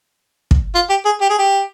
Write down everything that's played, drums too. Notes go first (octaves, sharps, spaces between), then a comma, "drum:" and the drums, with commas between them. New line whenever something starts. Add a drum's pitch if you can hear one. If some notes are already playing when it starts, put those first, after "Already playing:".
drum: kick
F4
G4
G#4
G4
G#4
G4